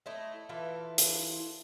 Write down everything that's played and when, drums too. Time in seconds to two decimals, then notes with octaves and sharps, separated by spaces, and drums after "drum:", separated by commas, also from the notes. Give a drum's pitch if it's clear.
0.06 A3 E4 D#5
0.49 E3 E4 F4 A4
0.98 drum: hi-hat